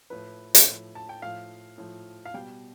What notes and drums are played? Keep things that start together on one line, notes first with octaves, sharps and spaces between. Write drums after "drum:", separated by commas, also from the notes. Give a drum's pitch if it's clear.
A2 F3 B4
drum: hi-hat
A2 F3
A5
G5
A2 F3 F5
A2 F3
F5
B2 G3 G5